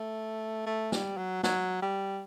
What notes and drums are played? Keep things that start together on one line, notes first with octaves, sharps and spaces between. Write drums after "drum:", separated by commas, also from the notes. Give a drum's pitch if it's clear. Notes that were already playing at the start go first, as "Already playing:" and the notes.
Already playing: A3
A3
G3, drum: snare
F#3
F#3, drum: snare
G3